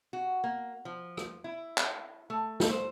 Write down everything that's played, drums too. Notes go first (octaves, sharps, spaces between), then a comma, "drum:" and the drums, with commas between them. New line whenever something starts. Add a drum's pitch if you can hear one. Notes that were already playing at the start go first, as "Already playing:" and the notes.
F#4
A#3
F3
drum: rim click
E4
drum: clap
A3
drum: snare
C5